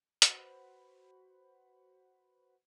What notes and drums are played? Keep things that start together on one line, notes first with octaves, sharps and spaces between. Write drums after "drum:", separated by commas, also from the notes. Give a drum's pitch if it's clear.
F#4 B4 C5 F#5 B5, drum: hi-hat